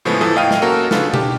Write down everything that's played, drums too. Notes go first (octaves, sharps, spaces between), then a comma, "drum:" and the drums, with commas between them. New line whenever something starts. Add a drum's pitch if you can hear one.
A2 C#3 F3 G#3 A3 B3
E2 E3 F3 A4 D#6
A2 D#5 F5 G5 F6 D#7
drum: snare
A#3 C#4 F#4 A4 A#4
C#3 D4 F4 A4 B4, drum: snare
D4 G4, drum: tom B2